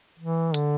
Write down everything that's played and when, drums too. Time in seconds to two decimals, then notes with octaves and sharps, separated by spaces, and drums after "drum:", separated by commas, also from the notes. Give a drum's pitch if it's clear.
0.19 E3
0.54 D3, drum: hi-hat